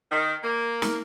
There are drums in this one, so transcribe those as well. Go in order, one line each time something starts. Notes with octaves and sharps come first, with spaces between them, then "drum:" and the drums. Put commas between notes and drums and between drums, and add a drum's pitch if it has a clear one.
D#3
A#3
drum: snare